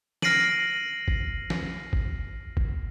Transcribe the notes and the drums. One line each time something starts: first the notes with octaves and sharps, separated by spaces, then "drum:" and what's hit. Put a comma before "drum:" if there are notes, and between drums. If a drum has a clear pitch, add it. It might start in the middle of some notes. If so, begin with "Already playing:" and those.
F6 A#6 C7 D7 D#7 F#7, drum: snare
drum: kick A1
drum: snare
drum: kick A1
drum: kick A1